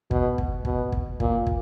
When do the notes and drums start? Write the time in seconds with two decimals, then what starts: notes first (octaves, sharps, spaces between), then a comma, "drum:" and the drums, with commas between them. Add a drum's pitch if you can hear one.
0.11 B2, drum: kick
0.38 drum: kick
0.65 B2, drum: kick
0.92 drum: kick
1.20 A#2, drum: kick
1.47 drum: kick